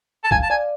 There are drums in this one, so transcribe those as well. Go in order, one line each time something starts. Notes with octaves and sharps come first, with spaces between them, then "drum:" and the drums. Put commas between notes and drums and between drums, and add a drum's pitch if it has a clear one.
A5
F5 G#5, drum: kick
A5
D5 G#5